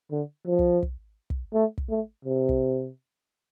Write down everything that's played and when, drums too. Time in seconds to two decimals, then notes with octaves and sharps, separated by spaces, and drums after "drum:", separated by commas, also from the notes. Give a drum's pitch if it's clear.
0.11 D3
0.47 F3
0.59 drum: kick
0.83 drum: kick
1.30 drum: kick
1.53 A3
1.78 drum: kick
1.90 A3
2.25 C3
2.49 drum: kick